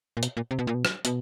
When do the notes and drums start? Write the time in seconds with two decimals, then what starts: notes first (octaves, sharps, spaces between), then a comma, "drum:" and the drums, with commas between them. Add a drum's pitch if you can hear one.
0.17 A#2
0.23 B2, drum: hi-hat
0.37 A#2
0.51 C3
0.59 B2
0.67 A#2
0.74 B2
0.85 drum: rim click
1.05 B2, drum: hi-hat